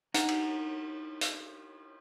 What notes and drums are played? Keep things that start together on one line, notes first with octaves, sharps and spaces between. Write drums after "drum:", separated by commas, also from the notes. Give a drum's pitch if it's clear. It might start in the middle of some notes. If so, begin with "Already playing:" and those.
D4 D#4 F#5 G#5 A#5, drum: hi-hat
drum: cymbal
drum: hi-hat